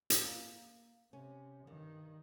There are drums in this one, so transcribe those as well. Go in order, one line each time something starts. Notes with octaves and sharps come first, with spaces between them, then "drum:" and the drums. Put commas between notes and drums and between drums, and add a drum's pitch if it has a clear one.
drum: hi-hat
A#3
C3 C#4
G2 D#3